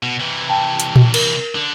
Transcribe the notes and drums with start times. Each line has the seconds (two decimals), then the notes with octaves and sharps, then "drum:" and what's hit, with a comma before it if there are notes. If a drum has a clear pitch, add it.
0.03 B2 E7
0.20 C3 E3
0.49 G5 A5
0.80 drum: hi-hat
0.96 drum: tom A#2
1.14 A#4, drum: cymbal
1.55 D3